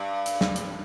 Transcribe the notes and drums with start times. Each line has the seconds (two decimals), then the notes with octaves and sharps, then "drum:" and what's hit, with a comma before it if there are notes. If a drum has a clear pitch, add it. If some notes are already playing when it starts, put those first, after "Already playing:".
Already playing: G2
0.26 drum: hi-hat
0.41 drum: snare
0.56 drum: hi-hat